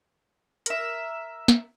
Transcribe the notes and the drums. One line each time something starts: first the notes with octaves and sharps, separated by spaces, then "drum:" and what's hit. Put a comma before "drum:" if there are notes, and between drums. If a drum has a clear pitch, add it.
A#4 E5, drum: hi-hat
drum: snare